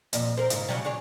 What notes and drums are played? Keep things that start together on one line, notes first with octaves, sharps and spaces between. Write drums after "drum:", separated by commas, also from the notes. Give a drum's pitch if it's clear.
F2 A#2, drum: hi-hat
C4 A#4
G#2 C#3, drum: hi-hat
C#3 F#3 G3
D4 G#4 C#5